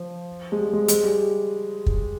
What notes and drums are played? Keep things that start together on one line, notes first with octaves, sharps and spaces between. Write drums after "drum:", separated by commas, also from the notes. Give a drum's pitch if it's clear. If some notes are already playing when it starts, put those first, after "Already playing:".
Already playing: F3
G#3
G3
G#3
G#3, drum: hi-hat
G3
drum: kick